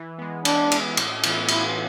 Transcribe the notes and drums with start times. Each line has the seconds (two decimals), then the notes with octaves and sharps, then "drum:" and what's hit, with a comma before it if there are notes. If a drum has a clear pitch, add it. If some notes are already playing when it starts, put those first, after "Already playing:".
Already playing: E3
0.18 G#3 B3
0.45 E3 D4, drum: cymbal
0.72 G#3 B3, drum: cymbal
0.97 A2, drum: cymbal
1.23 E3 B3 F4, drum: cymbal
1.48 A2 E4, drum: cymbal